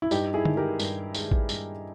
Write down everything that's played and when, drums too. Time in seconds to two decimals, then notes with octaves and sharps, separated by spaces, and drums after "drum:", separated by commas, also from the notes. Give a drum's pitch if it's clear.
0.02 E4
0.11 G2 D#4 G4, drum: tambourine
0.34 E4 G#4
0.45 D#3 G#3, drum: tom D3
0.57 G4 A#4
0.79 G2, drum: tambourine
1.15 D#3 G#3, drum: tambourine
1.31 drum: kick A1
1.49 G2, drum: tambourine